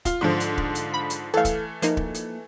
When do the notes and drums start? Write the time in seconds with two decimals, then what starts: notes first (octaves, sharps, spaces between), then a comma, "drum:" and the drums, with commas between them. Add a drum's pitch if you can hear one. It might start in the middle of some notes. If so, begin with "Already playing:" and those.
0.05 F4, drum: kick, hi-hat
0.21 G#2 D3 F3
0.40 drum: hi-hat
0.58 drum: kick
0.75 drum: hi-hat
0.94 B5
1.10 drum: hi-hat
1.34 E3 A3 A4 F5
1.45 drum: kick, hi-hat
1.82 F3 A#3 D#4, drum: hi-hat
1.97 drum: kick
2.14 drum: hi-hat